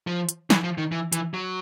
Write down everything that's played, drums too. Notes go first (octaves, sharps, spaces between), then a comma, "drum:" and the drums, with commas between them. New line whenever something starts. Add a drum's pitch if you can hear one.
F3
drum: hi-hat
E3, drum: snare
F3
D#3
E3
E3, drum: hi-hat
F#3